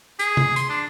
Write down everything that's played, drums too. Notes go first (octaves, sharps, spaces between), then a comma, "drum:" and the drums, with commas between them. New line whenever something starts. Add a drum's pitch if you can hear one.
G#4, drum: hi-hat
drum: tom C3
C6, drum: hi-hat
D4